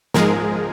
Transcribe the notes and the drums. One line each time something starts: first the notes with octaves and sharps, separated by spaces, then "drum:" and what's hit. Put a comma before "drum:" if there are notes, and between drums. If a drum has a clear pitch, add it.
G#2 F3 G#3 G#4 A#4, drum: snare